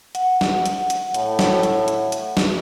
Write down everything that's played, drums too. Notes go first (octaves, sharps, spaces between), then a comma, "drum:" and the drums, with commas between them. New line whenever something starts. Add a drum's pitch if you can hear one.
F#5, drum: hi-hat
drum: snare
drum: hi-hat
drum: hi-hat
A2, drum: hi-hat
drum: snare
drum: hi-hat
drum: hi-hat
drum: hi-hat
drum: snare